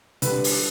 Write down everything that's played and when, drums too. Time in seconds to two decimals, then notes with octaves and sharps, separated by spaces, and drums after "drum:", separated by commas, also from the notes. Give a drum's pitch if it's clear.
0.22 D3 G3 B4, drum: hi-hat
0.44 drum: open hi-hat